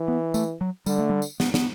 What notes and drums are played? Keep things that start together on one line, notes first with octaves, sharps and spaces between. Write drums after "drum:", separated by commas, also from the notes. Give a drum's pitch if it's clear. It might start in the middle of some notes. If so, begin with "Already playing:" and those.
Already playing: E3
B3
A3, drum: tambourine
F#3
D3 G3, drum: tambourine
A3
G3
drum: tambourine
B3, drum: snare
B3, drum: snare